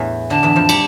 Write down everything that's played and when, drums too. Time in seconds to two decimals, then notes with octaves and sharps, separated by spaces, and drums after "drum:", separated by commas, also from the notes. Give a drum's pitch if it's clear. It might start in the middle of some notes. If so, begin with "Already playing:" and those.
Already playing: E2 A2 E3
0.30 D3 A5
0.43 E2 E3
0.56 F2 F3
0.69 G3, drum: cymbal